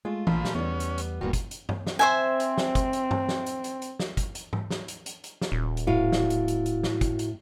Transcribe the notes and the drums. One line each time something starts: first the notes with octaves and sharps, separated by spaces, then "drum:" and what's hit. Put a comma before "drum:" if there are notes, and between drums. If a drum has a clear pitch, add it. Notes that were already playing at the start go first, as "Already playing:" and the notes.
G#3 A3 F4
A#1 A#2 F3 B5, drum: tom E3
drum: snare
E2 G3 B3 C#4
drum: hi-hat
drum: hi-hat
D#1 G2 E3 A#3 F#4
drum: kick, hi-hat
drum: hi-hat
drum: tom G2
drum: snare
C4 C5 E5 G#5
drum: hi-hat
drum: snare
drum: kick, hi-hat
drum: hi-hat
drum: tom G2
drum: snare
drum: hi-hat
drum: hi-hat
drum: hi-hat
drum: snare
drum: kick, hi-hat
drum: hi-hat
drum: tom G#2
drum: snare
drum: hi-hat
drum: hi-hat
drum: hi-hat
drum: snare
D#1
drum: hi-hat
A2 E4 F#4 F5
drum: snare
drum: hi-hat
drum: hi-hat
drum: hi-hat
drum: snare
drum: kick, hi-hat
drum: hi-hat